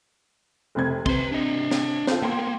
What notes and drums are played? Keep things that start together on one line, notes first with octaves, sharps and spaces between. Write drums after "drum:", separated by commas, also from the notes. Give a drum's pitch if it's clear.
F1 C3 G#6
C3 B4 C6, drum: kick
D4 D#5
drum: snare
F4 A4 C5, drum: snare
A#3 B3 G5 C6